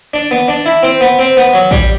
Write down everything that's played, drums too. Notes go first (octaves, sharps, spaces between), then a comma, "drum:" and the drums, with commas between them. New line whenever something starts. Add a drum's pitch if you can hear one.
D4
B3
D4
E4
C4
B3
C4
B3
F#3
G3, drum: kick A1